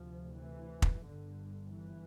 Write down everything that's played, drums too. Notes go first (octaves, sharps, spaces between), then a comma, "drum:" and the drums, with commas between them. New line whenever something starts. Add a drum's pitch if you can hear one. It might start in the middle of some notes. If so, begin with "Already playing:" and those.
Already playing: D2 C3 F3
E3
drum: kick
G1 G2 D3
E3